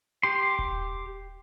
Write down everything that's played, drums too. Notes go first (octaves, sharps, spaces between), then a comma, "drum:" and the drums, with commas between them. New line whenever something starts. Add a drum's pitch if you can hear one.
G4 C6
drum: kick D#1